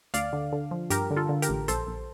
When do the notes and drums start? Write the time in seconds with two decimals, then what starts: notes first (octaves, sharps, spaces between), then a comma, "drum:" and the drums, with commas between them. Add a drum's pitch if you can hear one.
0.14 D2 D5 F5, drum: hi-hat
0.33 D3
0.53 D3
0.71 F3
0.90 G2 G4 A#4, drum: hi-hat
1.11 D3
1.17 F4 A4
1.29 D3
1.42 G4 A#4, drum: hi-hat
1.49 A1
1.68 A#1 A4 C5, drum: hi-hat
1.87 A#1